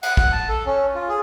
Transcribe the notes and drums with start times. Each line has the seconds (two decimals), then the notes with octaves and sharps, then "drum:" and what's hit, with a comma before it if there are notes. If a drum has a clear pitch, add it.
0.03 F#5, drum: cymbal
0.17 F#5, drum: kick
0.32 A5
0.49 A4
0.66 C#4
0.95 F4
1.09 G#4